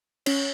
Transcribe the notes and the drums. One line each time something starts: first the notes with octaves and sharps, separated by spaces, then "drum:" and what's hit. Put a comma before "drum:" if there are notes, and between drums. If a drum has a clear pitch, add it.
C#4 C#5, drum: cymbal